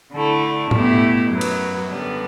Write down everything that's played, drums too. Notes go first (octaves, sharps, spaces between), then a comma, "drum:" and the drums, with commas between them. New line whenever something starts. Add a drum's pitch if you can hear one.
D3 A3 E4
B2 A3 E4 G4, drum: tom A2
F#2 F#3 B3
drum: cymbal
F#2 D3 G3 B3 D4